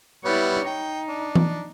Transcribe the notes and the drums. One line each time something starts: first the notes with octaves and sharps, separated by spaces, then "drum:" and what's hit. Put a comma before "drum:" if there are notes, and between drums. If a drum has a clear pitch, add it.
G3 B3 E4 C#5
D#4 G5
D4
drum: tom E3